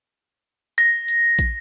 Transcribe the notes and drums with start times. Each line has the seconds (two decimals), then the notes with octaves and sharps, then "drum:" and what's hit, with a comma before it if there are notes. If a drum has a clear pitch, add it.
0.78 A#6, drum: hi-hat
1.08 drum: hi-hat
1.39 drum: kick, hi-hat